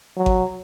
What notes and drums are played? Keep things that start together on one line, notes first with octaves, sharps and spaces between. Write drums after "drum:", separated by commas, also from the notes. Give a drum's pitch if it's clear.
F#3
drum: kick G#1